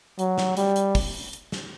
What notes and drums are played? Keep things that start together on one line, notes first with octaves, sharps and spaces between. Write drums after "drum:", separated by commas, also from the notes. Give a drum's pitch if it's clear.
F#3, drum: hi-hat
drum: snare
G3, drum: hi-hat
drum: hi-hat
drum: kick, open hi-hat
drum: hi-hat
drum: snare